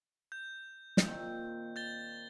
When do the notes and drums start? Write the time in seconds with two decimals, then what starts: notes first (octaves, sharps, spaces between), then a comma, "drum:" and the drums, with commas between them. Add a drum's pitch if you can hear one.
0.32 G6
0.97 drum: snare
1.07 A#2 D#3 C4
1.76 G6 A6 G7